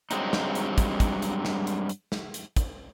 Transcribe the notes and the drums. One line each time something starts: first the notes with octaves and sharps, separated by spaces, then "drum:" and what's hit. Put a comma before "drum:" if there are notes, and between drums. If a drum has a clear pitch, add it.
G2 F#3 G#3 C4 D#4, drum: hi-hat
drum: snare
drum: hi-hat
drum: kick, hi-hat
drum: kick, hi-hat
drum: hi-hat
drum: snare
drum: hi-hat
drum: hi-hat
drum: snare
drum: hi-hat
drum: kick, hi-hat